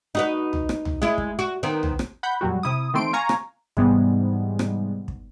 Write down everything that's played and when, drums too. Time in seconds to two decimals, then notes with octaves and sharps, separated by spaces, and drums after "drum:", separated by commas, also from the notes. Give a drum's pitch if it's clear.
0.15 D#4 F#4 B4
0.53 drum: tom B1
0.69 drum: rim click
0.85 drum: tom B1
1.02 G#3 E4
1.18 drum: kick
1.39 F#4
1.63 D#3 B3 C4
1.83 drum: tom B1
1.99 drum: rim click
2.23 F#5 B5 G6
2.41 F2 A#2 F#3 G3 F#4
2.63 C3 E4 D#6
2.94 D#3 E3 A3 C4 C6 D7
3.13 F5 G#5 A#5 C#6
3.29 drum: rim click
3.77 G#2 C3 E3 G3 G#3 B3, drum: kick
4.59 drum: rim click
5.08 drum: kick